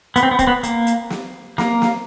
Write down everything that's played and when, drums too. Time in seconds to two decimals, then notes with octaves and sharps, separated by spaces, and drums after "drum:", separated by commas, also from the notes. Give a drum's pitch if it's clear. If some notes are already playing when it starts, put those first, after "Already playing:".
0.16 B3, drum: hi-hat
0.23 C4
0.31 B3
0.39 C4, drum: kick, hi-hat
0.47 B3
0.63 A#3, drum: hi-hat
0.87 drum: hi-hat
1.10 drum: snare
1.58 A#3, drum: snare
1.82 drum: snare